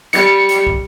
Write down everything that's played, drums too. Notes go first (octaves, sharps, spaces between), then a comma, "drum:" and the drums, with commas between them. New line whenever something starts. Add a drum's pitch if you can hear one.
G3 C#7, drum: hi-hat
drum: hi-hat
drum: kick